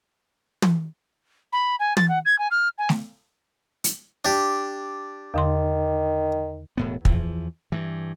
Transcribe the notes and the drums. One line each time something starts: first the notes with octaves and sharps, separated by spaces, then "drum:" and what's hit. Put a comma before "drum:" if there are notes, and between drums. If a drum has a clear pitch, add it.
drum: tom
B5
G#5
A6, drum: tom
F#5
G#6
G#5
F6
G#5
drum: snare A3
drum: hi-hat
D4 G4
E2 D3 D#3 C6
E1 A2 B3
E2 E3 F3, drum: kick
G2 E3